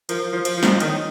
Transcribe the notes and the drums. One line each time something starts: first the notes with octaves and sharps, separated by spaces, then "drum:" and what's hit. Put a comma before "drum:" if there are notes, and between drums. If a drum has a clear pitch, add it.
F3 A#4, drum: cymbal
F3
F4, drum: cymbal
F3
D#4, drum: snare
D#3 C#4, drum: cymbal